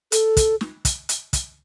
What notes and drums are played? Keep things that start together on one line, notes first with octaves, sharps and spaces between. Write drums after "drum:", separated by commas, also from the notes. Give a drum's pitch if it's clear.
A4, drum: hi-hat
drum: kick, hi-hat
drum: snare
drum: kick, hi-hat
drum: hi-hat
drum: kick, hi-hat